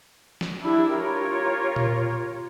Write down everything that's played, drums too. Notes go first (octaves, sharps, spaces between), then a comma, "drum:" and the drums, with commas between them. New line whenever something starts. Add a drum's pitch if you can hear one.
drum: snare
D4 E4 G4
F4 G4 A#4 C#5
drum: tom A#2